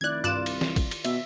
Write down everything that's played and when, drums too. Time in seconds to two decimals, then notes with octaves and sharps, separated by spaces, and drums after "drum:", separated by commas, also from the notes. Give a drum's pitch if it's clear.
0.01 F1 D#3 E4 D5 F#6 G#6
0.24 C2 G2 F4 D5 D6 F#6 E7
0.46 drum: cymbal
0.61 drum: snare
0.76 drum: kick, cymbal
0.91 drum: cymbal
1.05 B2 E5, drum: cymbal